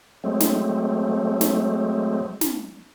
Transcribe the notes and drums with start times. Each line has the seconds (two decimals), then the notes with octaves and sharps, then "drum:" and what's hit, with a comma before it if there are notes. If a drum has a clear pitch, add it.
0.24 F#3 G#3 A3 C4
0.40 drum: snare
1.41 drum: snare
2.41 drum: snare